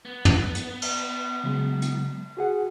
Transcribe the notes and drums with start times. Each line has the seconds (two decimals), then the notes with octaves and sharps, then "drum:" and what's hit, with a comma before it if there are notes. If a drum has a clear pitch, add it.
0.05 B3
0.25 drum: tom
0.55 drum: hi-hat
0.82 drum: cymbal
1.44 C#3 F#3 G#3
1.82 drum: hi-hat
2.37 F#4 G#4 F#5